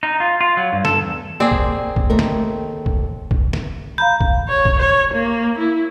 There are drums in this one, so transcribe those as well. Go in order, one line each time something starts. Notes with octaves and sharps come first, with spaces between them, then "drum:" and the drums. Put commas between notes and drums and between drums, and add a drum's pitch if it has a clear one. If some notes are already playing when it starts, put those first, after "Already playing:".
D#4
F4
F4
F#3
G2
A4, drum: snare
E2
A#3 C4 G#4 D5
drum: kick
drum: kick
D#2 A3 A#4
drum: snare
drum: kick
drum: kick
drum: snare
F5 A#5 B5 G6
drum: kick
C#5
drum: kick
C#5
A#3
E4